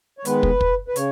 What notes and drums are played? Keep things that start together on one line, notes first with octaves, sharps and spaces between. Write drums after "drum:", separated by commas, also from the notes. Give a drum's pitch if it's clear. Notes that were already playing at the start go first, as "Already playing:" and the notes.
C#5
D#3 G#3 B3 B4, drum: hi-hat
drum: kick
drum: kick
B4
C#3 C#5, drum: hi-hat